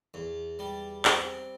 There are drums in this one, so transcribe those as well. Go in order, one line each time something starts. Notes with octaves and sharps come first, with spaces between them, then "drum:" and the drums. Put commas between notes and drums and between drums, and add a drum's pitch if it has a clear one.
E2
G3
C4, drum: clap